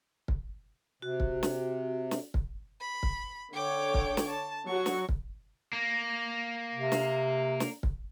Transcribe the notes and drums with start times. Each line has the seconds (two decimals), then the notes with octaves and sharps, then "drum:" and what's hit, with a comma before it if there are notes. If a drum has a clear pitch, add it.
0.28 drum: kick
1.02 C3 F#4
1.20 drum: kick
1.43 drum: snare
2.11 drum: snare
2.34 drum: kick
2.80 B5
3.03 drum: kick
3.53 D3 C#5 G5 D6
3.94 drum: kick
4.17 drum: snare
4.29 A5
4.67 F#3 F#4 C#6
4.86 drum: snare
5.09 drum: kick
5.73 A#3
6.74 C3
6.92 drum: snare
7.60 drum: snare
7.83 drum: kick